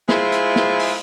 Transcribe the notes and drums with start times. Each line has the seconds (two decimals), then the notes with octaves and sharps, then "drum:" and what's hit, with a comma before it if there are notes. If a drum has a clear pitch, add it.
0.08 G#3 E4 F4 G#4 C5 E5, drum: snare
0.32 drum: hi-hat
0.56 drum: snare
0.79 drum: open hi-hat